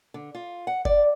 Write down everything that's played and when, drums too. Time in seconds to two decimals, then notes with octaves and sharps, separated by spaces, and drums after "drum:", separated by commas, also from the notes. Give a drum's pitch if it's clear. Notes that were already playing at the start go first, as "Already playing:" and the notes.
0.14 D3
0.35 F4
0.67 F#5
0.85 D5, drum: kick F#1